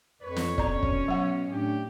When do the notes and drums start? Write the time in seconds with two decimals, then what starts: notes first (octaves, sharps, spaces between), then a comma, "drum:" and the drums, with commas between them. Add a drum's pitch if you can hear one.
0.23 F2 B4 C#5
0.36 drum: snare
0.58 B2 C#4 D5 A#5, drum: kick
0.83 drum: kick
1.08 F#3 F#5
1.52 A2 D4 G4